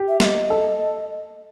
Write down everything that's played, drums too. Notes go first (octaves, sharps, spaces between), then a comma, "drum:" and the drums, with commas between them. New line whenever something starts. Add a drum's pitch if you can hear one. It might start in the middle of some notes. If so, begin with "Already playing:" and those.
Already playing: G4
E5
E5, drum: snare
D#5
A4